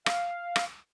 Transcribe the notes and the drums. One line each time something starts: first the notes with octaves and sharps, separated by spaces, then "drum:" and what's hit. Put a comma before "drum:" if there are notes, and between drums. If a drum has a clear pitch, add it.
F5, drum: rim click
drum: rim click